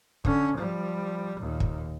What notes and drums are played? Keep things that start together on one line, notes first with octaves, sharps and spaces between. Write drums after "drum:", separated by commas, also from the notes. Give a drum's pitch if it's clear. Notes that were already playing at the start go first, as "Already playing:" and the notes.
D3 C#4, drum: kick
F3 G3
D#2 A#2
drum: kick